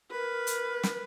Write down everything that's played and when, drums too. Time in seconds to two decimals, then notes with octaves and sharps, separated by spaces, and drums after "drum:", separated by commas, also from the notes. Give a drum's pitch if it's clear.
0.11 A#4 B4
0.47 drum: hi-hat
0.83 drum: snare